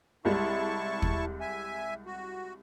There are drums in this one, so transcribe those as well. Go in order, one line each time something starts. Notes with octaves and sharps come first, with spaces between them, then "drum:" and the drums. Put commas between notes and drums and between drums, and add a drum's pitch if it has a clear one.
C2 G3 G#3 E4 A5 C#6
drum: kick
E5 G#5
F#4